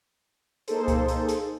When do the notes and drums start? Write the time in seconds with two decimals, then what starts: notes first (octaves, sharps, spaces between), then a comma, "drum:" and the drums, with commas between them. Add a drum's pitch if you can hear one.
0.68 A#3 D#4 G#4 A4 C5, drum: hi-hat
0.88 drum: kick C2, hi-hat
1.08 drum: hi-hat
1.29 drum: hi-hat